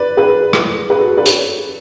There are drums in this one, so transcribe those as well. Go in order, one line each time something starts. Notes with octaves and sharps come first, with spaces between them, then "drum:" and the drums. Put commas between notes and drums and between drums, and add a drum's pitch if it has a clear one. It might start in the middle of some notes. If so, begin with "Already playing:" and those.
Already playing: B4 D5
G#4 B4
drum: rim click
G#4 B4
F#4 A4
B4 D5
A4 C#5, drum: hi-hat